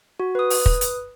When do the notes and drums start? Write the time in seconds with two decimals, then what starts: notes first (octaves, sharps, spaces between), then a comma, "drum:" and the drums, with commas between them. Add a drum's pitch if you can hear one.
0.20 F#4
0.35 B4 D#6
0.50 drum: open hi-hat
0.66 drum: kick
0.81 drum: hi-hat